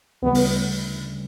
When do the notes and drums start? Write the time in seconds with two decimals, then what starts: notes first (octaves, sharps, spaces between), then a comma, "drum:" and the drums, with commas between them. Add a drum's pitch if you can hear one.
0.22 D2 C#3 E3 G3 B3
0.35 drum: open hi-hat